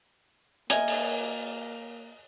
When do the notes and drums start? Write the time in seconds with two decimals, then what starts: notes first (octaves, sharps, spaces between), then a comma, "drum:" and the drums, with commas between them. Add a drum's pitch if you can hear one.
0.70 A#3 A#4 D#5 E5 G#5, drum: hi-hat
0.88 drum: open hi-hat